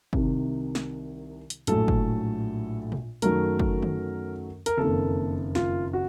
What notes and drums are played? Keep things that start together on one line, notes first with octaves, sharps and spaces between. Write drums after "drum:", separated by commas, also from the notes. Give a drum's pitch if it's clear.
C2 C3 D#3, drum: kick
drum: snare
drum: hi-hat
A#1 A2 F#3 A3 A4, drum: hi-hat
drum: kick
drum: tom A#2
F#2 D#3 F#3 A3 A#4, drum: hi-hat
drum: kick
drum: tom D3
A#4, drum: hi-hat
F#1 F2 D#3 A#3 A4
F4, drum: snare
F#4